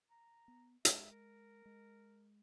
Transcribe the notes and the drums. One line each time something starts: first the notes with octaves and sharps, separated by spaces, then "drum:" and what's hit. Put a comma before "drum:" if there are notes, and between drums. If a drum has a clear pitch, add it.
A#5
B3
G#3 E5, drum: hi-hat
A#4
G#3